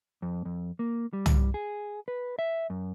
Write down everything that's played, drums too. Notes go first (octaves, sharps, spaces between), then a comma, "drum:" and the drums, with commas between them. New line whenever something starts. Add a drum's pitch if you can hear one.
F2
F2
A#3
G3
drum: tom
G#4
B4
E5
F#2